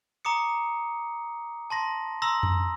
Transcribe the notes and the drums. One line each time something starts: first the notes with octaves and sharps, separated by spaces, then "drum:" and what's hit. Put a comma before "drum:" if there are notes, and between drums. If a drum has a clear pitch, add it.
A#5 D6 D#6 C#7
A5 C6 A#6
A#5 C6 D#6 E6 A#6
drum: tom F2